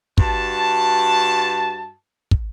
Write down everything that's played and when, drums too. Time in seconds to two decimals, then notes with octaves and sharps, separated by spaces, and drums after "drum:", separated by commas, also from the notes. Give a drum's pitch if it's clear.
0.18 G2 F#4 A5, drum: kick
2.31 drum: kick